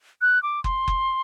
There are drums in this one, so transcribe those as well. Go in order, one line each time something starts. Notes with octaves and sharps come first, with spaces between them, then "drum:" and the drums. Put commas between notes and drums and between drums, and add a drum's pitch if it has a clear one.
F#6
D6
C6, drum: kick F#1
drum: kick F#1